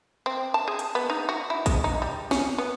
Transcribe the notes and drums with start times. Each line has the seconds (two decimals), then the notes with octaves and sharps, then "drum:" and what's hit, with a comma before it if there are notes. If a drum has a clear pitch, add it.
0.26 C4
0.54 A5
0.68 G#4
0.79 drum: hi-hat
0.95 B3
1.10 D#4
1.29 F#4
1.50 E4
1.66 G#3, drum: kick, hi-hat
1.84 D#4
2.02 G3
2.31 C#4, drum: snare
2.58 B3